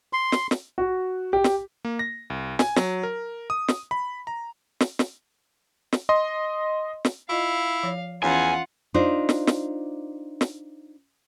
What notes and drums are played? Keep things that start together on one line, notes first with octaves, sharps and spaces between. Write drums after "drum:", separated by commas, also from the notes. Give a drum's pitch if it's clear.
C6
drum: snare
drum: snare
F#4
G4
drum: snare
A#3
A#6
C2
G#5, drum: snare
F#3, drum: snare
A#4
D#6
drum: snare
B5
A#5
drum: snare
drum: snare
drum: snare
D#5 C6
drum: snare
E4 F4 D#5 F5
F3 C#5
E2 E3 C#4 F4 C#5 F#5 G#5
D4 D#4 F4 C5
drum: snare
drum: snare
drum: snare